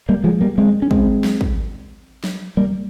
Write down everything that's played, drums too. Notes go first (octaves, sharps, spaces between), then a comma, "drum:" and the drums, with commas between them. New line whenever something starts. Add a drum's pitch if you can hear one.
G3 A#3
F3 G#3
G3 A#3
G#3 C4
C#4
G#3 C4, drum: kick
drum: snare
drum: kick
drum: snare
G3 A#3